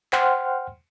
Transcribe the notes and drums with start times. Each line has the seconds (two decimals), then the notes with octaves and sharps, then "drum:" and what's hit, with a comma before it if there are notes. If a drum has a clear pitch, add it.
0.13 C5 F#5 G5 C6 F6, drum: clap